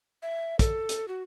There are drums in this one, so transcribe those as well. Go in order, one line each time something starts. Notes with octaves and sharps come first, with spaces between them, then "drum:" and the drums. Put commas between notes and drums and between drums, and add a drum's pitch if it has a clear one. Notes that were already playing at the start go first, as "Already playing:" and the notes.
E5
A4, drum: kick, hi-hat
drum: hi-hat
F#4